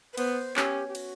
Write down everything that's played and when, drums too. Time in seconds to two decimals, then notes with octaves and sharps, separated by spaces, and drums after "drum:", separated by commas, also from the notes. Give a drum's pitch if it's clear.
0.13 B4
0.18 B3 C5, drum: cymbal
0.56 C#4 G4, drum: clap
0.88 G4
0.95 F#4, drum: cymbal